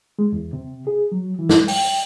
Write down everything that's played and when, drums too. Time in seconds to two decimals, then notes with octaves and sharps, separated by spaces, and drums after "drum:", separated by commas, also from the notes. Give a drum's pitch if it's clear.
0.19 G#3
0.33 E2
0.53 C3
0.87 G#4
1.12 F#3
1.39 E3
1.49 drum: snare
1.68 G5, drum: open hi-hat